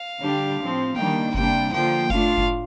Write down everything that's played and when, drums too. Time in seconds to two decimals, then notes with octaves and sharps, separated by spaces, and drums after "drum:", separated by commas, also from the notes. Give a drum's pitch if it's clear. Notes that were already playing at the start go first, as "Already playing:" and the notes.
Already playing: F5
0.20 D3 G3 D4 G4
0.59 A2 F3 C4
0.96 D#3 G3 A#3 D4 G5, drum: tom
1.34 C3 G3 A#3 D4 G5, drum: kick F#1
1.73 D3 F3 A#3 F4 G5
2.10 A2 A3 D4 F4 F5, drum: kick F#1
2.37 drum: kick F#1